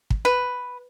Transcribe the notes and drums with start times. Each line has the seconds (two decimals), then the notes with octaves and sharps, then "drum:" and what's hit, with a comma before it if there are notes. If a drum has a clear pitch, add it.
0.10 drum: kick
0.25 B4